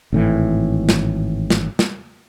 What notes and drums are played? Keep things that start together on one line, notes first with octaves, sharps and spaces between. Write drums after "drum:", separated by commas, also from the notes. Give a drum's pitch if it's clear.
G#1 A2 E3
drum: snare
drum: snare
drum: snare